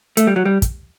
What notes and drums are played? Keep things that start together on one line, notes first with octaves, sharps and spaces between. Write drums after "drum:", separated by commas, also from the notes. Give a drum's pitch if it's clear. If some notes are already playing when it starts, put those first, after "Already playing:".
A3, drum: hi-hat
G3
F#3
G3
drum: kick, hi-hat